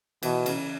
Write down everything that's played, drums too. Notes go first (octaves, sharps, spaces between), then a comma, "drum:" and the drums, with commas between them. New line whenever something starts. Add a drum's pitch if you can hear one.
B2 E3, drum: cymbal
C#3, drum: cymbal